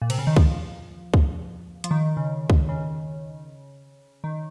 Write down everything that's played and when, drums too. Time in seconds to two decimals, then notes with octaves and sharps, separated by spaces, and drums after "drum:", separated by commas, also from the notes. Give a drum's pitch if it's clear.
0.02 A#2
0.10 C3, drum: cymbal
0.18 C#3
0.27 D#3
0.36 F3, drum: kick
1.14 drum: kick
1.84 F3, drum: hi-hat
1.91 D#3
2.17 C#3
2.50 drum: kick
2.69 C#3
4.24 D#3